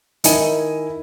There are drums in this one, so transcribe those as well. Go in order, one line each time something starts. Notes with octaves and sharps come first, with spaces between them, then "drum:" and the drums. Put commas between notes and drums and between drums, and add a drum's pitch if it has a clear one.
D#3 E4 A#4 D#5 G#5 D#7, drum: hi-hat